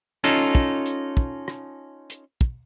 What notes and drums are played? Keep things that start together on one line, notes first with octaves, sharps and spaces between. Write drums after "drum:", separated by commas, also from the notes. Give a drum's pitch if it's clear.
C#4 D#4 F4 A4, drum: hi-hat
drum: kick
drum: hi-hat
drum: kick
drum: rim click
drum: hi-hat
drum: kick